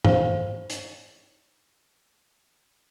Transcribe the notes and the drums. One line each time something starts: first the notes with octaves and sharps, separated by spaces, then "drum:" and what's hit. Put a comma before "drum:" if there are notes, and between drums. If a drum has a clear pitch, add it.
C5 F5, drum: tom
drum: hi-hat